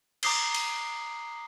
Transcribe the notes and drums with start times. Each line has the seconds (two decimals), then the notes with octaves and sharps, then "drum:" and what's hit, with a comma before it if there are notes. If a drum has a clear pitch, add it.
0.23 A#5 D6 D#6 C7 G7, drum: cymbal
0.55 drum: cymbal